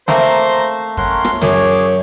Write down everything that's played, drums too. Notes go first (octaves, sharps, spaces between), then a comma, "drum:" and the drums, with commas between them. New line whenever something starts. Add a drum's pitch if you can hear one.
A3 A#3 C4 C5 A#5, drum: snare
C#4 A#4 F#5 C6, drum: kick F2
drum: rim click
F#2 G#4 C#5 D6, drum: snare